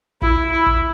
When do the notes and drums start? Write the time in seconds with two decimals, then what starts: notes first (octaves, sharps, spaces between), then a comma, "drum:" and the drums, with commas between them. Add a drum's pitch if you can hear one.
0.22 E4, drum: kick
0.51 E4
0.66 drum: kick